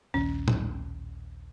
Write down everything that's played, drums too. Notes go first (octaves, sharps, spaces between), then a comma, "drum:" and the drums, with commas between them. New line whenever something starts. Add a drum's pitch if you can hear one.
A#1 D#2 D#3 C#4
drum: tom A2